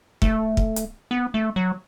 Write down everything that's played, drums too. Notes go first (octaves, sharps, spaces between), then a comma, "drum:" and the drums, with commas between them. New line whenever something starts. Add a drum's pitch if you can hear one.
A3, drum: kick
drum: kick
drum: hi-hat
B3
A3
F#3